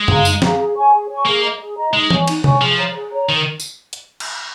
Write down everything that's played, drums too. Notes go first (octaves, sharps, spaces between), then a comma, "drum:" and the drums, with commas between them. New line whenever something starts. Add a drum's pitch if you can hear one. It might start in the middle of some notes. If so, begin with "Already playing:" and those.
Already playing: G#3
G#4 F5 A#5, drum: tom F#2
D#4, drum: tambourine
G#4 F5 A#5, drum: snare
G#4
C#5 G#5 C#6
G#4
C#5 G#5 C#6
A#3 G#4
D#5 A#5
G#4
D#5 A#5
G#3 D#4
C#5 G#5 C#6, drum: tom E3
D#4, drum: cymbal
C#5 G#5 C#6, drum: tom C3
F3 G#4
C#5 A#5
G#4
C#5 A#5
D#3 A#4
drum: tambourine
drum: hi-hat
drum: cymbal